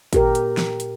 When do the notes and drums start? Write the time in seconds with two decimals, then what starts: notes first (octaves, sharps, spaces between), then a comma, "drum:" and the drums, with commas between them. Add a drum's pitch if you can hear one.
0.13 A#2 G4 A#4, drum: kick, hi-hat
0.35 drum: hi-hat
0.57 drum: snare
0.80 drum: hi-hat